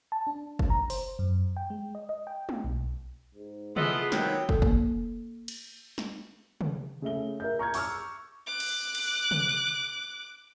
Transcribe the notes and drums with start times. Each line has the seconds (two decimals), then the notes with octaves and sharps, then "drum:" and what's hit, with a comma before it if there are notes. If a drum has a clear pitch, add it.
0.12 A5
0.27 D4
0.59 drum: kick
0.70 A#5
0.90 C5, drum: open hi-hat
1.19 F#2
1.57 G5
1.70 G#3
1.95 D#5
2.09 D#5
2.27 G5
2.49 drum: tom
2.64 B1
3.35 G#2
3.76 B3 E4 F4 G#4 A4 D#5, drum: tom
4.12 C3 D#3 F#3 G5, drum: snare
4.49 A4, drum: kick
4.62 A#3, drum: kick
5.48 drum: cymbal
5.98 drum: snare
6.61 drum: tom
7.02 C#3 A3 E5 G7
7.40 A#4 E5 G6
7.59 A#5 C#6 F6 G6 G#6
7.74 A#5 C#6 D6 E6 F6, drum: open hi-hat
8.47 D6 F#6
8.60 drum: cymbal
8.95 drum: cymbal
9.31 drum: tom